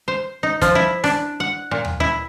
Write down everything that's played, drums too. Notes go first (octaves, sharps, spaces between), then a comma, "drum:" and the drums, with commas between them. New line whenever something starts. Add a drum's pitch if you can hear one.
C5
D#4
F3, drum: kick, hi-hat
E4
D4, drum: rim click
F#5
A#2
drum: tom
E4